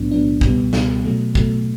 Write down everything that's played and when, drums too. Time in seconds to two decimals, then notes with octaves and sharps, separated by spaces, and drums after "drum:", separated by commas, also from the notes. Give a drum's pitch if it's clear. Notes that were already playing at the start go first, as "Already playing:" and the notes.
Already playing: B1 A2 F#3 B3 D4
0.11 B1 A2 F#3 B3 D4
0.41 C#2 B2 G3 B3, drum: kick
0.73 C#2 B2 G3 B3, drum: snare
1.05 B2 F#3 A3
1.35 B2 F#3 A3, drum: kick